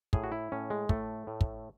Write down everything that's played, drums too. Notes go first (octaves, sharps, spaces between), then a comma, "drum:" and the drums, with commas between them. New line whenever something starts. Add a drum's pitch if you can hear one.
A2 G#4, drum: kick
F#4
E4
A2 C#4
G#3
A2 A3, drum: kick
A2
drum: kick